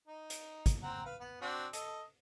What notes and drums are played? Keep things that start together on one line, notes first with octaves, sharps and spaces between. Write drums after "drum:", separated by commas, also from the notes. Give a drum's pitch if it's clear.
D#4
drum: hi-hat
drum: kick, hi-hat
C4 F#5 A#5
B4 F5
B3
C4 D4 F#4
A4 D#5, drum: hi-hat